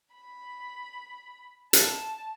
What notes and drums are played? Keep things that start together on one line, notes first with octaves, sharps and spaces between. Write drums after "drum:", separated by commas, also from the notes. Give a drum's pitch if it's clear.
B5
A5, drum: hi-hat